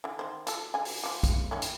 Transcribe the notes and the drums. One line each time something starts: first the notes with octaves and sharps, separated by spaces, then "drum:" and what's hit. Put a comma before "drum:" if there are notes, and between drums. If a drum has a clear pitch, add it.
D3 E3
D#3 C5
F4 A4, drum: hi-hat
D3 G#5
drum: open hi-hat
F3 G4
drum: kick, hi-hat
D#3 C#4 E4
drum: hi-hat